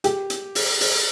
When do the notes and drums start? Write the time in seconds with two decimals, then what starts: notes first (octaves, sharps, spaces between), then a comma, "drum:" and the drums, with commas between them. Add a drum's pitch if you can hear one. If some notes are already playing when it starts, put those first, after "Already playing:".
0.04 G4, drum: hi-hat
0.30 drum: hi-hat
0.55 drum: open hi-hat
0.81 drum: open hi-hat